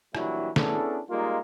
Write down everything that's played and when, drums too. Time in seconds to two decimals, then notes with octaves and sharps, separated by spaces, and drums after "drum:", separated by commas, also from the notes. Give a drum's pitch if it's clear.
0.15 A#2 E3 F#3 G3 D4 E4, drum: rim click
0.56 B3 C#4 D4 E4 G#4 A4, drum: snare
1.10 G3 G#3 A#3 D#4 F4